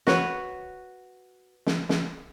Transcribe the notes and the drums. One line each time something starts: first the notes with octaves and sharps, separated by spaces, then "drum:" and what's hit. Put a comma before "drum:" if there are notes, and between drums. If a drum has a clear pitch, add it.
F#4 B4 C#5, drum: snare
drum: snare
drum: snare